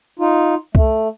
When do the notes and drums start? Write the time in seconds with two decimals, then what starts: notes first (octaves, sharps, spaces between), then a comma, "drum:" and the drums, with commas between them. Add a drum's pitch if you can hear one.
0.19 D#4 F4
0.75 A3, drum: kick C2